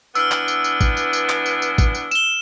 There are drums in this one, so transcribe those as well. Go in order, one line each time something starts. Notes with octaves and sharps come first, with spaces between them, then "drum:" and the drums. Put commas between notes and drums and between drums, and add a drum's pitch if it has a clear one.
E3 B3 D4 E6 F6, drum: tambourine
drum: clap
drum: tambourine
drum: tambourine
drum: kick G#1, tambourine
drum: tambourine
drum: tambourine
drum: clap
drum: tambourine
drum: tambourine
drum: kick G#1, tambourine
drum: tambourine
E7 G7, drum: tambourine